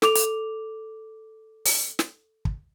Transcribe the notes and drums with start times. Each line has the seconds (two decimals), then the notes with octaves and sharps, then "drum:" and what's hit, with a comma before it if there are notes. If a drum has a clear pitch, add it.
0.02 A4 D6 F7, drum: snare
0.15 drum: hi-hat
1.66 drum: open hi-hat
1.99 drum: snare
2.45 drum: kick